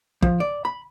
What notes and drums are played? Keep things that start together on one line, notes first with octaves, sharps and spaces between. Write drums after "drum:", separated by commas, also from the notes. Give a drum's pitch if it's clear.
F3, drum: kick
D5
B5